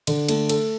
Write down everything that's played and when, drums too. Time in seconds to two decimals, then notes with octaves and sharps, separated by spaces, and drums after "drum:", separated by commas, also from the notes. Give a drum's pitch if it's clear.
0.07 D3, drum: cymbal
0.29 A3, drum: cymbal
0.49 A4, drum: cymbal